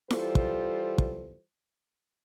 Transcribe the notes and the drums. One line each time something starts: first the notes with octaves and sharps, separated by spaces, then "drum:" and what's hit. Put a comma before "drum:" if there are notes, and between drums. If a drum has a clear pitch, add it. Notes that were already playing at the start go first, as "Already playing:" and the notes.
E3 G3 F4 A4 C5, drum: snare E4
drum: kick
drum: kick